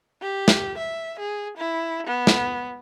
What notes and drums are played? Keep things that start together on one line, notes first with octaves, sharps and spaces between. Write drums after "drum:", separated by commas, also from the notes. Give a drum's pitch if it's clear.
G4
drum: snare
E5
G#4
E4
B3
drum: snare